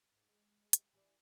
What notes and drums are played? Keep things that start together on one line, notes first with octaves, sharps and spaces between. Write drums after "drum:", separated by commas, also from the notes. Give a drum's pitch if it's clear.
G#2
G#3
G4, drum: hi-hat
E3 G4 D5